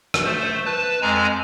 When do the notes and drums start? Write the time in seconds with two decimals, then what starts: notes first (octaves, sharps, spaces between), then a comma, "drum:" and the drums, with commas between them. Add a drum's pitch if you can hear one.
0.14 drum: rim click
0.25 A3 C5
0.66 B4 A5
1.02 F2 G#3 G#5 A#5